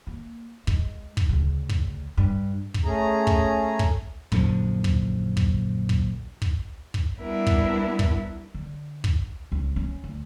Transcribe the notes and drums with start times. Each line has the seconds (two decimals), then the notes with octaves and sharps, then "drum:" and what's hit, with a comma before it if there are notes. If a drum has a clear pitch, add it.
0.07 A#3
0.67 G#3, drum: kick
1.17 drum: kick
1.29 D2 C#3
1.69 drum: kick
2.17 G2
2.74 drum: kick
2.84 A3 C#4 G#4 A#5
3.27 drum: kick
3.79 drum: kick
4.32 A#1 F#2 D3 F3, drum: kick
4.84 drum: kick
5.37 drum: kick
5.89 drum: kick
6.42 drum: kick
6.94 drum: kick
7.20 G3 B3 D4 E4 A#4 E5
7.47 drum: kick
7.99 drum: kick
8.54 D3
9.04 drum: kick
9.52 C#2
9.76 C#4
10.04 D2